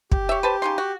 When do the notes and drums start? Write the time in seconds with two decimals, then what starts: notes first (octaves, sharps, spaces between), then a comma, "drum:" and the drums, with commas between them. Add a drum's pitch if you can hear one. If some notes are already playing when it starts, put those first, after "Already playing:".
0.12 G4, drum: kick
0.29 C#5 E5
0.43 B4 C5 A5
0.62 C#3 D#4 C6
0.78 F#4